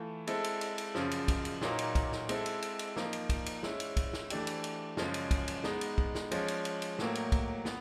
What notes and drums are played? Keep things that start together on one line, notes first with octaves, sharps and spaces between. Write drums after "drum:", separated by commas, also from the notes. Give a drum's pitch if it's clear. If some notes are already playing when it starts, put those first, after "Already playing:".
Already playing: E3 A3 F4
G#3 C4 E4 A4, drum: cymbal
drum: cymbal
drum: cymbal
drum: cymbal
F#2 C#3 F3, drum: snare
drum: cymbal
drum: kick, cymbal
drum: cymbal
A#2 F#3 A#3 D#4, drum: snare
drum: cymbal
drum: kick, cymbal
drum: snare
G#3 C4 E4 A4, drum: cymbal
drum: cymbal
drum: cymbal
drum: cymbal
F3 A#3 D#4, drum: snare
drum: cymbal
drum: kick, cymbal
drum: cymbal
G#3 C#4 E4, drum: snare
drum: cymbal
drum: kick, cymbal
drum: snare
E3 A3 D4 G4, drum: cymbal
drum: cymbal
drum: cymbal
F#2 C#3 F3 G#3 C#4, drum: snare
drum: cymbal
drum: kick, cymbal
drum: cymbal
G#3 B3 D#4, drum: snare
drum: cymbal
drum: kick
drum: snare
F3 G#3 C#4, drum: cymbal
drum: cymbal
drum: cymbal
drum: cymbal
A2 F#3 A#3, drum: snare
drum: cymbal
drum: kick, cymbal
B3, drum: snare